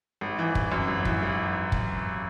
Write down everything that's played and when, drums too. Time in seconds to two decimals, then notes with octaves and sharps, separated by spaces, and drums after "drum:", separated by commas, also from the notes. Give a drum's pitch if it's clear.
0.21 G#1
0.39 E3
0.55 G#1, drum: kick
0.72 F#2
0.88 G#1
1.05 E3, drum: kick
1.22 G#1
1.72 drum: kick